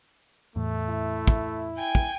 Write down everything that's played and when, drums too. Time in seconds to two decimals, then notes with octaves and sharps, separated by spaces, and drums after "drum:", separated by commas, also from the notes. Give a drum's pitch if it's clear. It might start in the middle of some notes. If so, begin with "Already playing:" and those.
0.56 E2 A2 A3
0.88 E4
1.27 drum: kick
1.78 G5 G#5
1.95 drum: kick